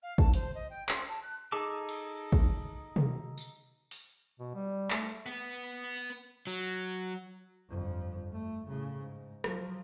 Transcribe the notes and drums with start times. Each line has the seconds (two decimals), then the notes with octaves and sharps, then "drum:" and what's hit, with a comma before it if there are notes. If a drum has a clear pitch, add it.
0.02 F5
0.18 A5, drum: kick
0.34 C5, drum: hi-hat
0.54 D#5
0.70 G5
0.89 C6, drum: clap
1.08 A5
1.22 F#6
1.52 D#4 G#4 A4 A5 D6
1.89 drum: cymbal
2.32 drum: kick
2.96 drum: tom
3.37 drum: tambourine
3.91 drum: open hi-hat
4.40 B2
4.55 G3
4.90 A3, drum: clap
5.26 B3
6.47 F#3
7.69 G1 F2
8.32 A3
8.67 A2 C#3
9.00 G#2
9.44 F3 F#3, drum: rim click